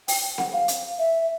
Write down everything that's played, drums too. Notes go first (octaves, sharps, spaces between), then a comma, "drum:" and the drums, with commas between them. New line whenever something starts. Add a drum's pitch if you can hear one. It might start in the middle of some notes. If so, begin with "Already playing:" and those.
G5, drum: open hi-hat
F#5, drum: snare C4
F5
drum: hi-hat
E5